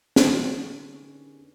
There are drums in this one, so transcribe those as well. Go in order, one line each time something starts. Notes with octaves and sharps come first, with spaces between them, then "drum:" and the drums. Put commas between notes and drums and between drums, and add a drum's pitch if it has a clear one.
D3 D#3 B3 C#4 G4 G#4, drum: snare